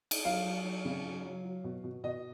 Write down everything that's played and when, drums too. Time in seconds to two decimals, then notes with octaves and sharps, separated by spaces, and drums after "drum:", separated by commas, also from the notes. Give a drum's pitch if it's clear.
0.11 drum: cymbal
0.25 F#3 F5
0.45 F#3
0.64 F#3
0.85 C#3
1.05 F#3
1.24 F#3
1.45 F#3
1.64 B2
1.84 B2
2.04 B2 D#5